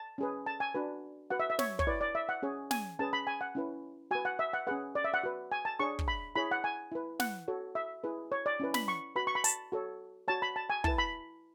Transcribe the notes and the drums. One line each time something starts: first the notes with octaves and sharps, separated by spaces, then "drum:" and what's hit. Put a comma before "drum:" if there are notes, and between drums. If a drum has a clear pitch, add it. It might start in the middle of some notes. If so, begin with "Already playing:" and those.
Already playing: A5
C#4 G#4 B4
A5
G#5
D4 F#4 B4
F#4 B4 F#5
E5
E5
C#5, drum: snare
C#5, drum: kick
E4 B4 D5
D5
E5
F#5
C#4 G#4 C#5
G#5, drum: snare
C#4 G#4 B4 A5
B5
G#5
F#5
C#4 E4 B4
F#4 B4 G#5
F#5
E5
F#5
C#4 G#4 B4 F#5
D5
E5
F#5
F#4 B4
G#5
A5
D4 G#4 C#5 C#6
drum: kick
B5
E4 G#4 C#5 B5
F#5
G#5
E4 B4
F#5, drum: snare
F#4 A4 C#5
E5
E4 G#4 B4
C#5
D5
C#4 E4 B4
B5, drum: snare
C#6
F#4 B4 B5
C#6
B5
A5, drum: hi-hat
F#4 A4 C#5
F#4 C#5 A5
B5
A5
G#5
E4 B4 A5, drum: kick
B5